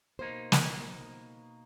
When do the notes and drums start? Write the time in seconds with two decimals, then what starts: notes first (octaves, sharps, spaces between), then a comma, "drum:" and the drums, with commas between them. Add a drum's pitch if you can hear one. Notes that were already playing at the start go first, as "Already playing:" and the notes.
0.19 B2 A#3 D#4 C5
0.52 drum: snare